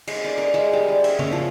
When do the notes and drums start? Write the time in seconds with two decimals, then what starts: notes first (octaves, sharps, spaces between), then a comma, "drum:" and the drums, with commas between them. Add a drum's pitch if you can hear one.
0.07 G#3, drum: cymbal
0.24 D5
0.38 A#4
0.54 G#3
0.73 G3
0.88 G#4
1.04 E5, drum: cymbal
1.19 C#4, drum: tom C#3
1.32 F3